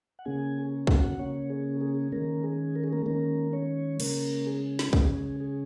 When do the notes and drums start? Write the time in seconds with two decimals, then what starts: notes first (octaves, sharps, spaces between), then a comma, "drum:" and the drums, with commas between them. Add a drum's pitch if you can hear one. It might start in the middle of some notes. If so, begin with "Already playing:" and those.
0.19 F#5
0.25 C#3 A#3 C#4 G#4 G#5
0.87 F#4 F#5, drum: kick
1.19 C#3 A#3 C#4 C#5
1.50 G#4
1.81 G#4
2.12 D#3 G#3 A#3 C#4 A#4
2.43 G#4
2.76 A#4
2.84 G#4
2.93 A#3 A#4
3.06 D#3 G#3 A#3 C#4 A#4
3.52 C#4 C#5
4.00 C#3 G#3 A#3 C#4 A#4, drum: cymbal
4.46 G#4
4.79 drum: snare
4.93 C#3 G#3 C#4 G#4, drum: kick
5.40 G#4